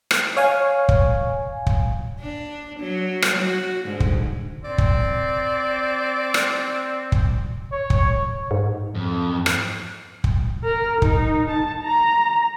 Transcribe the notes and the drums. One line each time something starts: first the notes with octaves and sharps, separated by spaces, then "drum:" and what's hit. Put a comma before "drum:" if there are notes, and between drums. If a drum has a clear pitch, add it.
drum: rim click
C#5 F5 G#5
drum: kick
drum: kick
D4
F#3
drum: rim click
F#4
G#2 D3
drum: kick
C4 D5
drum: kick
drum: rim click
drum: kick
C#5
drum: kick
G#2
F2
drum: rim click
drum: kick
A#4
D#4, drum: kick
A5
A#5